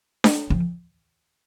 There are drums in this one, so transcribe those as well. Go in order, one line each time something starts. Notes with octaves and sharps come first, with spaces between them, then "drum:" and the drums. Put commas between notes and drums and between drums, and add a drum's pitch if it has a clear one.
drum: snare D4
F3